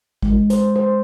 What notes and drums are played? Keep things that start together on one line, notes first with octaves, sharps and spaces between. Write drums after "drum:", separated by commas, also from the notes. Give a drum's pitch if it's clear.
G#3, drum: kick
C5, drum: hi-hat
C5